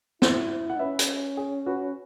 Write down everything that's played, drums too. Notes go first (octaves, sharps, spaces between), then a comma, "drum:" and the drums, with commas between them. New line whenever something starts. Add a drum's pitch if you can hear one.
E4, drum: snare
F#5
C#4 B4 E5
drum: hi-hat
G#4
F#4 B4